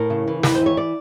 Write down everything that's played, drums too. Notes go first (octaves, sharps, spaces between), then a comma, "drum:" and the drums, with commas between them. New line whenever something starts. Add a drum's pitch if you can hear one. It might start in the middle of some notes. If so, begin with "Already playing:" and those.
Already playing: A2 A#4
C#3
E3
D#2 B4, drum: snare
C5
E3
C#5
D5